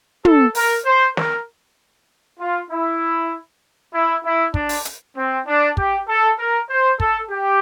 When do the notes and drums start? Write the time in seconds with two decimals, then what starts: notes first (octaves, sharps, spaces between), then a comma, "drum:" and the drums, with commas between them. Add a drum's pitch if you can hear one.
0.25 A4, drum: tom
0.55 A#4, drum: open hi-hat
0.85 C5
1.17 A#4, drum: snare
2.39 F4
2.70 E4
3.93 E4
4.24 E4
4.54 D4, drum: kick
4.69 drum: open hi-hat
4.85 drum: hi-hat
5.16 C4
5.47 D4
5.77 G4, drum: kick
6.08 A4
6.39 A#4
6.69 C5
7.00 A4, drum: kick
7.31 G4